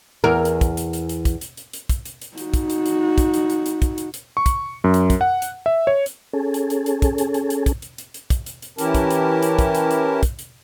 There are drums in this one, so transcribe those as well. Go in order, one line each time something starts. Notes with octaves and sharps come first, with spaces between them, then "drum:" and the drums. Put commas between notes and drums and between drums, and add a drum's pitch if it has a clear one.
E2 A#4
drum: hi-hat
drum: kick, hi-hat
drum: hi-hat
drum: hi-hat
drum: hi-hat
drum: kick, hi-hat
drum: hi-hat
drum: hi-hat
drum: hi-hat
drum: kick, hi-hat
drum: hi-hat
drum: hi-hat
D#4 F#4, drum: hi-hat
drum: kick, hi-hat
drum: hi-hat
drum: hi-hat
drum: kick, hi-hat
drum: hi-hat
drum: hi-hat
drum: hi-hat
drum: kick, hi-hat
drum: hi-hat
drum: hi-hat
C#6
drum: kick, hi-hat
F#2
drum: hi-hat
drum: kick, hi-hat
F#5
drum: hi-hat
E5
C#5
drum: hi-hat
C#4 G#4 A4
drum: hi-hat
drum: hi-hat
drum: hi-hat
drum: kick, hi-hat
drum: hi-hat
drum: hi-hat
drum: hi-hat
drum: kick, hi-hat
drum: hi-hat
drum: hi-hat
drum: hi-hat
drum: kick, hi-hat
drum: hi-hat
drum: hi-hat
E3 C#4 E4 G4 A#4 A5, drum: hi-hat
drum: kick, hi-hat
drum: hi-hat
drum: hi-hat
drum: kick, hi-hat
drum: hi-hat
drum: hi-hat
drum: kick, hi-hat
drum: hi-hat